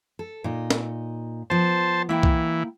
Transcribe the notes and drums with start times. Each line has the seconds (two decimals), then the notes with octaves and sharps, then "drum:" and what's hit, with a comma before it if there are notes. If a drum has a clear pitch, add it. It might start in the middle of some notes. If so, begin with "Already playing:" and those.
0.19 A4
0.44 A#2 D#4
0.71 drum: snare
1.50 F3 B3 C5 A5
2.09 E3 A#3 E4 G5
2.23 drum: kick